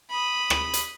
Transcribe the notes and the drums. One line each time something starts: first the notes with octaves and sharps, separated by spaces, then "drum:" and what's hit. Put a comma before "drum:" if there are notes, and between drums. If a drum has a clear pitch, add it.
B5 D#6
drum: rim click
drum: hi-hat